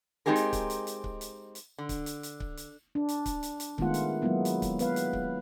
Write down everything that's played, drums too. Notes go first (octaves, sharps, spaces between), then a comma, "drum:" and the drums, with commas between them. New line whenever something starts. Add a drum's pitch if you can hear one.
G#3 C4 D#4 G4 G#4 A#4
drum: hi-hat
drum: kick C#1, hi-hat
drum: hi-hat
drum: hi-hat
drum: kick C#1
drum: hi-hat
drum: hi-hat
D3
drum: kick C#1, hi-hat
drum: hi-hat
drum: hi-hat
drum: kick C#1
drum: hi-hat
D4
drum: hi-hat
drum: kick C#1, hi-hat
drum: hi-hat
drum: hi-hat
D#3 G#3 A3 B3 F4 F#5, drum: kick C#1
drum: hi-hat
F#3 G#3 A#3 B3 E4
drum: hi-hat
drum: kick C#1, hi-hat
B3 B4 F5, drum: hi-hat
drum: hi-hat
drum: kick C#1